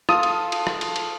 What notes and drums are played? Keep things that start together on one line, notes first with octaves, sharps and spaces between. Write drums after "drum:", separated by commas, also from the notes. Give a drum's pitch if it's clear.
F4 A4 D#6, drum: rim click
drum: cymbal
drum: cymbal
drum: rim click
drum: cymbal
drum: cymbal